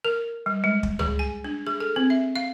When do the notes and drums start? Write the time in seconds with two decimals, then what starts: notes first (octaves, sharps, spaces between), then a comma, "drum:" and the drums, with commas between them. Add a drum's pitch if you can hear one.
0.05 A#4
0.46 G3
0.64 G#3
0.83 drum: kick
0.99 G#4, drum: tom C#2
1.19 G#5
1.44 D4
1.67 G#4
1.80 A4
1.96 C4
2.10 E5
2.36 F5